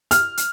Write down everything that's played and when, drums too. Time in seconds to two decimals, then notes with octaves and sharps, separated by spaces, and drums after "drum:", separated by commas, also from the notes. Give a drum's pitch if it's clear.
0.11 F6, drum: hi-hat
0.37 drum: hi-hat